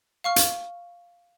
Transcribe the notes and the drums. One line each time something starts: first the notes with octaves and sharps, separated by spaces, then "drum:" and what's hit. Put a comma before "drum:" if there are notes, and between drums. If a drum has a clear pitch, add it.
F5 C#6 F6
drum: hi-hat